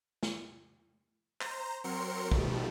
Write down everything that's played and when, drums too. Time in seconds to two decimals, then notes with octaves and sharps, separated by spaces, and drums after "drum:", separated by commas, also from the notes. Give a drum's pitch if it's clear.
0.23 drum: snare
1.41 C5 A#5, drum: clap
1.84 F#3 C4 A#4 C6 C#7
2.32 B2 D#3 F3 G3 A3, drum: kick